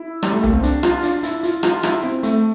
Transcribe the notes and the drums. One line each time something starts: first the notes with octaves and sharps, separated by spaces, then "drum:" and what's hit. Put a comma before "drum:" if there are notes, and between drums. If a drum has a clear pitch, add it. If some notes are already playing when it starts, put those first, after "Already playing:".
Already playing: E4
G3, drum: rim click
A3
A#3, drum: tom C2
C4
D4, drum: hi-hat
F4, drum: rim click
D4, drum: hi-hat
E4, drum: hi-hat
F4, drum: hi-hat
F4, drum: rim click
E4, drum: rim click
C4
A3, drum: hi-hat